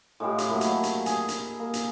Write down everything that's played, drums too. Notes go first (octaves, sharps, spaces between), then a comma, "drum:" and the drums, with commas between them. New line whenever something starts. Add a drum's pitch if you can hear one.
A2 G#3 F4 G4
drum: hi-hat
F#3 A3 A#3 E4
drum: hi-hat
drum: hi-hat
G#4, drum: hi-hat
drum: hi-hat
A#3
drum: hi-hat